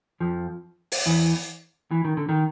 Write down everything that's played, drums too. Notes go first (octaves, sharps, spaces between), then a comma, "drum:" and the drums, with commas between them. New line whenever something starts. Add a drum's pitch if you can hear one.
F2 F3
drum: open hi-hat
E2 E3
E3
D#3
D3
D#3